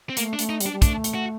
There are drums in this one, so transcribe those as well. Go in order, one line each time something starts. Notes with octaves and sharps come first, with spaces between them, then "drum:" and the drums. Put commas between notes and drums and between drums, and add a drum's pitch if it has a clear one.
C4
A3 A#3, drum: hi-hat
D4
A3, drum: hi-hat
D#4
G3, drum: hi-hat
D4
G3
A3 D4, drum: kick, hi-hat
drum: hi-hat
F#4